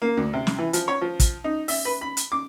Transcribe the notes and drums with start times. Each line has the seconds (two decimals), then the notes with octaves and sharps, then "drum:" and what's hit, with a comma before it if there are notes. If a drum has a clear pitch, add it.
0.02 A#3
0.17 D2
0.33 C3
0.47 drum: snare
0.58 E3
0.73 F3, drum: hi-hat
0.88 C#5
1.01 F3
1.20 drum: kick, hi-hat
1.44 D#4
1.68 E5, drum: open hi-hat
1.85 B4
2.01 B5
2.17 drum: hi-hat
2.32 D6